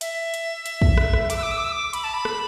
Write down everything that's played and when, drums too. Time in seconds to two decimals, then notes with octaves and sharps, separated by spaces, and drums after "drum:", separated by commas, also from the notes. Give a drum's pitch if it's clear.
0.01 E5, drum: hi-hat
0.34 drum: hi-hat
0.66 drum: hi-hat
0.82 drum: kick
0.97 drum: rim click
1.13 drum: rim click
1.30 D6, drum: hi-hat
1.37 E6
1.43 D6
1.51 E6
1.58 D6
1.64 E6
1.72 D6
1.93 B5, drum: hi-hat
2.04 A5
2.14 B5
2.25 drum: rim click